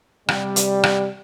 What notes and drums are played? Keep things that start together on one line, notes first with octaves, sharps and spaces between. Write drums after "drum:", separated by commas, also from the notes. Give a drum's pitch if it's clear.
C3 G3, drum: rim click
drum: hi-hat
drum: rim click